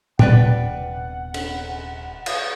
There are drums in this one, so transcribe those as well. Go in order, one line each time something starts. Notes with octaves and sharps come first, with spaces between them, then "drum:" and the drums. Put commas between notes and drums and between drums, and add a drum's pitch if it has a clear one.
D#1 C3 B3 D4 B4 D5 F#5 G5, drum: tom
drum: cymbal
drum: cymbal